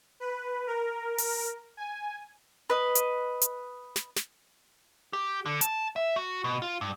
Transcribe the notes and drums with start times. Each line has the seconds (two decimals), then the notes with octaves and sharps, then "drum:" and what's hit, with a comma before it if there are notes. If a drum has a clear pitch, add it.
0.20 B4
0.67 A#4
1.18 drum: open hi-hat
1.77 G#5
2.70 B4 D#5
2.95 drum: hi-hat
3.41 drum: hi-hat
3.96 drum: snare
4.16 drum: snare
5.13 G4
5.46 D3
5.61 A5, drum: hi-hat
5.96 E5
6.16 F#4
6.44 B2
6.62 F4
6.81 G2